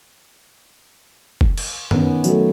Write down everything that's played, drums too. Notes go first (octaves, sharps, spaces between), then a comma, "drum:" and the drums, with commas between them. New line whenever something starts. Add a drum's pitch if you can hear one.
drum: kick
drum: cymbal
D#3 B3 C#4, drum: tom F#2
F#3 A3, drum: tambourine